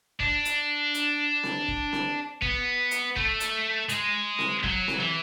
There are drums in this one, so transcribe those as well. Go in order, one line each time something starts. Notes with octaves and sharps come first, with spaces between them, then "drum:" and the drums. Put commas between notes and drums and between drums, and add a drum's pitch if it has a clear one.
D4, drum: kick
drum: hi-hat
drum: hi-hat
drum: snare C4
drum: kick
drum: snare C4
B3, drum: kick
drum: hi-hat
A3, drum: kick
drum: hi-hat
G#3, drum: hi-hat
drum: snare C4
F#3, drum: kick
drum: snare C4
E3